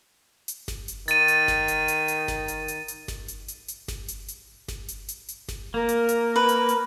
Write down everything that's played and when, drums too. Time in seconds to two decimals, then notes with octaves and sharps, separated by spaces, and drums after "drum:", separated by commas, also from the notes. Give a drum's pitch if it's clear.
0.48 drum: hi-hat
0.68 drum: snare G1
0.88 drum: hi-hat
1.08 D#3 A6 D#7, drum: hi-hat
1.28 drum: hi-hat
1.48 drum: snare G1
1.68 drum: hi-hat
1.88 drum: hi-hat
2.08 drum: hi-hat
2.28 drum: snare G1
2.48 drum: hi-hat
2.68 drum: hi-hat
2.88 drum: hi-hat
3.08 drum: snare G1
3.28 drum: hi-hat
3.48 drum: hi-hat
3.68 drum: hi-hat
3.88 drum: snare G1
4.08 drum: hi-hat
4.28 drum: hi-hat
4.68 drum: snare G1
4.88 drum: hi-hat
5.08 drum: hi-hat
5.28 drum: hi-hat
5.49 drum: snare G1
5.74 A#3 A#4
5.89 drum: hi-hat
6.09 drum: hi-hat
6.36 B4
6.49 drum: hi-hat
6.69 drum: hi-hat